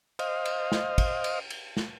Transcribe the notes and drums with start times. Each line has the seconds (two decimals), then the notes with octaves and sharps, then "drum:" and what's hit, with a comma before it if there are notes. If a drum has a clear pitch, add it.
0.19 C5 D#5 F5, drum: cymbal
0.45 drum: cymbal
0.72 drum: snare
0.98 drum: kick, cymbal
1.24 drum: cymbal
1.50 drum: cymbal
1.77 drum: snare